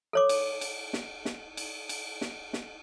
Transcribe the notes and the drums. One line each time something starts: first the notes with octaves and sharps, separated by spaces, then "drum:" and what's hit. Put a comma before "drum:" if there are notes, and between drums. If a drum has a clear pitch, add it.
A4 C#5 D6
drum: cymbal
drum: cymbal
drum: snare
drum: snare
drum: cymbal
drum: cymbal
drum: snare
drum: snare